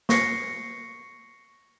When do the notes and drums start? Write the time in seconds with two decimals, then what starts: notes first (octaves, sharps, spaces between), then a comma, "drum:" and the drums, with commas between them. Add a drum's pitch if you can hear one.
0.09 C#6 A#6 C7 C#7, drum: snare